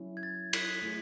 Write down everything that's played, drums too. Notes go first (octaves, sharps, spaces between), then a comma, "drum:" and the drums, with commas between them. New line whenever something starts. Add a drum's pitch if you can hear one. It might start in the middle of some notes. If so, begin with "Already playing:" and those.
Already playing: F#3 C#4 E4
G#6
A6
B6, drum: cymbal
A3 E4 G#4